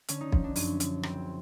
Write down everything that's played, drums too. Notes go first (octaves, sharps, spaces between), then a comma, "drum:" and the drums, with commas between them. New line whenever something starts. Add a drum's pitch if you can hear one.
D3 C#4, drum: hi-hat
D#4
F3, drum: kick
D4
F#2 C#4, drum: open hi-hat
D3, drum: hi-hat
C#2 C4, drum: rim click